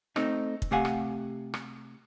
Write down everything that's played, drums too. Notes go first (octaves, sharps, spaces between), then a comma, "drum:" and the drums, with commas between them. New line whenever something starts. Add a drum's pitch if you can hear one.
A3 C4 D#4, drum: rim click
drum: kick
C3 A3 G4 F5 F#5 G#5
drum: rim click
drum: rim click